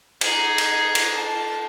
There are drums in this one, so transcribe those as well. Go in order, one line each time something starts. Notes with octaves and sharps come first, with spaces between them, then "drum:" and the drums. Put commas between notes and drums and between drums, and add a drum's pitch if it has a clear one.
D#4 G#4, drum: cymbal
drum: cymbal
drum: cymbal
A5